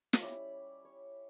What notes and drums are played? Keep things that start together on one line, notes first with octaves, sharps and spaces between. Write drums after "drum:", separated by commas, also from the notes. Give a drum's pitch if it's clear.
C#5, drum: snare
G3 C#4 E4 D5
C#5